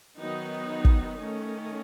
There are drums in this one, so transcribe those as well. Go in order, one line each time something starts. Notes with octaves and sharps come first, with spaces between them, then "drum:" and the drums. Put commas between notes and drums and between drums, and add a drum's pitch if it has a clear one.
D#3 F#3 B3 D#4
drum: kick
D#3 A3 C#4